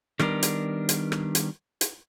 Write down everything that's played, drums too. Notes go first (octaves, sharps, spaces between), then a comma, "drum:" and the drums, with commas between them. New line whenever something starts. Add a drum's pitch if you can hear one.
D#3 G3 B3 D4 A#4, drum: rim click
drum: hi-hat
drum: hi-hat
drum: rim click
drum: hi-hat
drum: hi-hat